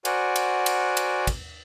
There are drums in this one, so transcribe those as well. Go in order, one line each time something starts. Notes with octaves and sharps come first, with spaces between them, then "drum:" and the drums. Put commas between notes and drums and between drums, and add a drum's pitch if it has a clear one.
F#4 A#4 C5 D5 F#5 G#5, drum: cymbal
drum: cymbal
drum: cymbal
drum: cymbal
drum: kick, cymbal